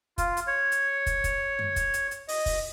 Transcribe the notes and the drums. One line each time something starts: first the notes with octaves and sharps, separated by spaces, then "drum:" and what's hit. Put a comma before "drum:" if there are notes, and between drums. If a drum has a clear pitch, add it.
F4, drum: kick, hi-hat
drum: hi-hat
C#5
drum: hi-hat
drum: kick, hi-hat
drum: kick, hi-hat
drum: tom F#2
drum: kick, hi-hat
drum: hi-hat
drum: hi-hat
D#5, drum: open hi-hat
drum: kick, open hi-hat